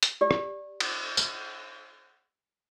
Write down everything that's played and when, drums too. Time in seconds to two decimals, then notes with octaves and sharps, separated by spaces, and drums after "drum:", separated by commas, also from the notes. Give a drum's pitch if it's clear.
0.03 drum: hi-hat
0.21 G4 D5
0.31 drum: rim click
0.80 drum: cymbal
1.17 drum: tambourine